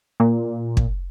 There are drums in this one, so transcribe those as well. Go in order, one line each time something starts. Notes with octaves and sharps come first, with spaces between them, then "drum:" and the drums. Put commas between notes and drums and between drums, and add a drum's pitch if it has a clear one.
A#2
drum: kick